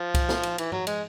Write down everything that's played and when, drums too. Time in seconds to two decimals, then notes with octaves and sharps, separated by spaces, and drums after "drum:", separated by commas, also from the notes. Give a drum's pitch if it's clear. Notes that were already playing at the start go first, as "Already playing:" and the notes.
Already playing: F3
0.14 drum: kick C2, cymbal
0.29 drum: snare
0.43 drum: cymbal
0.58 E3, drum: cymbal
0.72 F#3, drum: tom G2
0.87 G#3, drum: cymbal